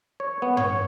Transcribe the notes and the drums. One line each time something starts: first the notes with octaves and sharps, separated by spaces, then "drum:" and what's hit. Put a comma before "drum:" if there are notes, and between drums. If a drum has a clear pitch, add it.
C#5
B3
C#5, drum: tom